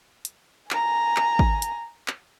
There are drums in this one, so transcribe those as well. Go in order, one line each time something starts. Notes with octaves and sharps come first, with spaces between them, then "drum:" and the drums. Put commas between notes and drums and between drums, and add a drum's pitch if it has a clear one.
drum: hi-hat
G#5 A#5, drum: clap
drum: clap
drum: kick G#1
drum: hi-hat
drum: clap